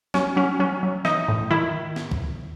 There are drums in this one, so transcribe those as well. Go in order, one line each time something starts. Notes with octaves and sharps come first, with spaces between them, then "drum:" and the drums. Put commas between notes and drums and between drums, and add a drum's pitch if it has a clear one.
F#3 C#4, drum: snare
F#3 C#4
F#3 C#4
F#3
E3 D#4, drum: snare
A2
D#3 E4
drum: snare
drum: kick